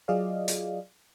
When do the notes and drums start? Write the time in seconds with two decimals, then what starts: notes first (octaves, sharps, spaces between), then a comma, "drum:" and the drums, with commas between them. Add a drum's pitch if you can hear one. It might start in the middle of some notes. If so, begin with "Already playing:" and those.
0.08 F#3 F4 G#4 D5 D#5 F5
0.48 drum: hi-hat